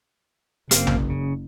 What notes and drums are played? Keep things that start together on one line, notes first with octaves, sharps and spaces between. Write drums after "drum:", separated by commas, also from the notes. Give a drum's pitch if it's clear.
F#1 A#3 C4 F5, drum: hi-hat
drum: tom A#1
C#3